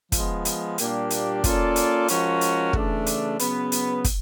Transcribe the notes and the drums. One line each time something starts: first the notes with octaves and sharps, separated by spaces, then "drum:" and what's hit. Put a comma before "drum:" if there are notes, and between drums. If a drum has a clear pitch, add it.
F3 G#3 B3, drum: kick, hi-hat
drum: hi-hat
A#2 G3 A#3 D4 G4, drum: hi-hat
drum: hi-hat
A#3 C#4 F4 A4 D5, drum: kick, hi-hat
drum: hi-hat
F3 G#3 C#4 F#4 A#4, drum: hi-hat
drum: hi-hat
C#3 E3 A3 D4, drum: kick
drum: hi-hat
C#3 F#3 B3, drum: hi-hat
drum: hi-hat
drum: kick, hi-hat